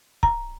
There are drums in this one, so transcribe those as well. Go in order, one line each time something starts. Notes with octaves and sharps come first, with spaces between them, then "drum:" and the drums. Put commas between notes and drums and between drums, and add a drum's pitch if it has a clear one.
A#5, drum: kick C#1